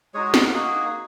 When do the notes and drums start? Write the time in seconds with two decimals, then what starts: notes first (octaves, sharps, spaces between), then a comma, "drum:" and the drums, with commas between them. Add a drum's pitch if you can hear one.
0.14 G#3 D#4 F#4 G#4 C#5
0.34 F#4 A#4, drum: snare
0.48 A#4
0.53 A#3 D#4 F#4 G#4